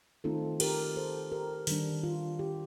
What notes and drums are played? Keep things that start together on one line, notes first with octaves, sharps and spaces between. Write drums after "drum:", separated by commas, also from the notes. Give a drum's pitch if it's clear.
D#3 A3 C4 D#4 F4 A4
G4 A#4, drum: cymbal
A4 C5
G4 A#4
D#3 G3 D4, drum: open hi-hat
F4
G4